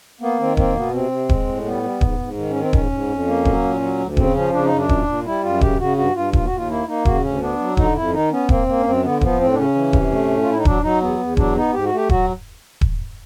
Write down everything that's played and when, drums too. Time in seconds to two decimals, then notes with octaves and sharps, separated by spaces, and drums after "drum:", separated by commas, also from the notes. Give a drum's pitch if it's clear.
0.21 A#3 B3
0.39 D#3 C4
0.57 A#3 C4, drum: kick D#1
0.75 B2 B3
0.93 C3 C4
1.11 C3
1.29 G#3, drum: kick D#1
1.47 A2
1.65 G3 B3
1.83 G3
2.01 G#2, drum: kick D#1
2.19 G#2
2.37 D#3
2.49 C#4
2.55 D#3
2.61 C4
2.73 G#2 C#4, drum: kick D#1
2.91 G#2
3.09 F2
3.27 A#3
3.45 F#3, drum: kick D#1
3.63 A#2
3.81 F#3
3.99 D2
4.17 C#3 C4, drum: kick D#1
4.35 F3 C#4
4.53 C#3 D4
4.65 D#4
4.72 F#2
4.77 D4
4.89 A#2, drum: kick D#1
5.07 A#2
5.25 G3 E4
5.43 F#2 F4
5.61 C#3 G4, drum: kick D#1
5.79 C#3 F#4
5.97 G2 F#4
6.15 G2 F4
6.33 D#2 F4, drum: kick D#1
6.45 F#4
6.51 D#2
6.56 F4
6.69 A#3 E4
6.87 A#3 D#4
7.05 C#3 F#4, drum: kick D#1
7.23 D2 C#4
7.41 B3 D4
7.59 F#3
7.77 D3 D#4, drum: kick D#1
7.95 F2 E4
8.13 D#3 D#4
8.31 B3 C#4
8.49 A#3 C4, drum: kick D#1
8.67 A#3
8.80 C#4
8.85 F#2 C4
9.03 D3 B3
9.21 F3 B3, drum: kick D#1
9.39 A2 C4
9.53 D4
9.57 C#3 C#4
9.75 E3
9.93 C3, drum: kick D#1
10.11 A3
10.30 A2
10.42 F4
10.47 A2 E4
10.57 D#4
10.65 F#3 D4, drum: kick D#1
10.83 F#3 D#4
11.01 E2 B3
11.19 E2
11.37 F#3 D4, drum: kick D#1
11.55 B3 D#4
11.73 G#2 G4
11.85 F#4
11.92 A3 G4
12.09 F#3 F#4, drum: kick D#1
12.81 drum: kick D#1